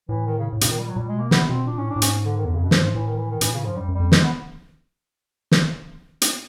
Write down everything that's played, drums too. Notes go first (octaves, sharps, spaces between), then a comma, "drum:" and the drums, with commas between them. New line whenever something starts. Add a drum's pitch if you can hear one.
A2 E3
D#3
C#3
A2
A#2 C#3, drum: hi-hat
D#3
G3
F#3
A#2 G3
G#3
B2 A#3
C3 B3, drum: snare
B2 C4
A#2 D4
A2 C#4
D4
A2
G#2 C#4, drum: hi-hat
D3
D#3
E2 D3
F2 C#3
F#2 B2
G2 F3, drum: snare
G#2 F3
A2 E3
D#3
E3
D#3
A2 E3, drum: hi-hat
A#2 C#3
A2
G2 F3
F#2 G3
F#2
G3
F2
G#3, drum: snare
B3
drum: snare
drum: hi-hat